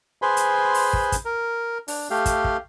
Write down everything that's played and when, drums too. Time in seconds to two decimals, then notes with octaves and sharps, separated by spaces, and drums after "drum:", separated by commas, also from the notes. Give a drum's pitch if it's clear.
0.22 G#4 B4 C5 G#5 B5 C6
0.37 drum: hi-hat
0.74 drum: open hi-hat
0.93 drum: kick
1.12 drum: kick, hi-hat
1.25 A#4
1.88 D4, drum: open hi-hat
2.10 A3 G4 F5
2.26 drum: kick, hi-hat
2.44 drum: kick